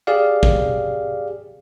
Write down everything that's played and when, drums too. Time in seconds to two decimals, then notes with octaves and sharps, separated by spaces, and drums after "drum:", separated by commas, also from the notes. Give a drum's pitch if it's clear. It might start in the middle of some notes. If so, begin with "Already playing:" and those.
0.07 G4 G#4 D5 F5
0.43 drum: kick